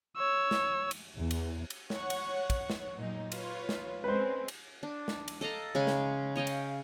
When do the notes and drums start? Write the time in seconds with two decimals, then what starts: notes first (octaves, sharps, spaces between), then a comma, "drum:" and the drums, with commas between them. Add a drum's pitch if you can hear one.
0.17 C#5 E6
0.51 drum: snare
0.91 drum: cymbal
1.17 E2
1.31 drum: cymbal
1.70 drum: cymbal
1.90 C#5 F#5 C#6, drum: snare
2.10 drum: cymbal
2.50 drum: kick, cymbal
2.70 drum: snare
2.96 A#2 F#3 D#4
3.32 F4 B4 C#5, drum: cymbal
3.69 drum: snare
4.04 G#3 C4 C#4 B4 C5
4.48 drum: cymbal
4.83 D4
5.08 drum: snare
5.28 drum: cymbal
5.41 A4 D#5 F5 A#5
5.75 C#3 G#3 G#5
5.87 drum: snare
6.36 C#5 D#5 F5 G5
6.47 drum: cymbal